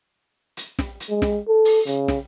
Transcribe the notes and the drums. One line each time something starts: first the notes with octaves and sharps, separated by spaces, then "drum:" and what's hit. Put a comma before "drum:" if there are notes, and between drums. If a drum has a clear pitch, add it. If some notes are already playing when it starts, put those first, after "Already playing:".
drum: hi-hat
drum: snare
drum: hi-hat
G#3
drum: snare
A4
drum: open hi-hat
C#3, drum: hi-hat
drum: snare